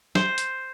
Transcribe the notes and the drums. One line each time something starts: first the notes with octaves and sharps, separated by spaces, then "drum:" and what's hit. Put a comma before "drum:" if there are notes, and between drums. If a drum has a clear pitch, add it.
C5, drum: snare
drum: hi-hat